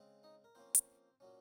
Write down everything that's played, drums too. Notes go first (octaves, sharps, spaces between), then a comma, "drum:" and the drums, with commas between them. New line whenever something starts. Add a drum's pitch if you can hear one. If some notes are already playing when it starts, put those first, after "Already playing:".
Already playing: C#3 G#3 C4
D#4 D#5
A#4
F3 A#3 C4 C#4 C5
drum: hi-hat
A#2 F#3 C#4